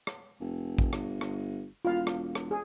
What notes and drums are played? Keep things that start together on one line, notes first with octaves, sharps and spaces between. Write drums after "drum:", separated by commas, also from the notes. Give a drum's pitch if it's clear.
drum: rim click
F1
drum: kick A1
G1, drum: rim click
drum: rim click
E1 F4 F5
drum: rim click
drum: rim click
G#4